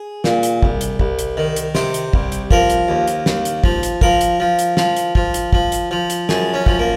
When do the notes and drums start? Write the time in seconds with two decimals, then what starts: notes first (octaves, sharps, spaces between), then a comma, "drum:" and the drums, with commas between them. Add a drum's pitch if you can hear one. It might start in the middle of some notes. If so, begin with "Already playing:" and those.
Already playing: G#4
0.24 A#2, drum: snare
0.43 drum: hi-hat
0.63 C2, drum: kick
0.81 drum: hi-hat
1.00 C2, drum: kick
1.19 drum: hi-hat
1.37 D#3
1.56 drum: hi-hat
1.75 C3 C5, drum: snare
1.94 drum: hi-hat
2.13 C2, drum: kick
2.32 drum: hi-hat
2.51 F3 A#4, drum: kick
2.70 drum: hi-hat
2.88 D#2
3.07 drum: hi-hat
3.26 D#2, drum: snare
3.45 drum: hi-hat
3.64 F3, drum: kick
3.83 drum: hi-hat
4.01 F3 A#4, drum: kick
4.21 drum: hi-hat
4.40 F3
4.59 drum: hi-hat
4.77 F3, drum: snare
4.96 drum: hi-hat
5.15 F3, drum: kick
5.34 drum: hi-hat
5.53 F3, drum: kick
5.72 drum: hi-hat
5.91 F3
6.10 drum: hi-hat
6.29 F#2 G#4, drum: snare
6.54 C#4
6.66 F3, drum: kick
6.79 A#3